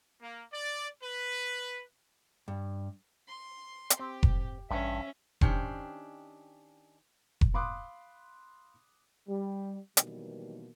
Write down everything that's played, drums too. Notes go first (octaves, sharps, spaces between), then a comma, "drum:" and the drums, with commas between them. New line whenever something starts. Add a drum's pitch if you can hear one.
A#3
D5
B4
G2
C6
drum: hi-hat
C4 G4
drum: kick F1
A1 G2 C#4 E5
D#3 C#4 D4 G4 C5, drum: kick F1
drum: kick F1
F5 B5 C6 D6 D#6 F#6
G3
B2 D#3 E3 F#3 G3 A#3, drum: hi-hat